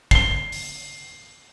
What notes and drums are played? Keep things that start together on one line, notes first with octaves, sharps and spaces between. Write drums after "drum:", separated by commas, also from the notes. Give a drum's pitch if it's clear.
C7 G7, drum: kick
drum: open hi-hat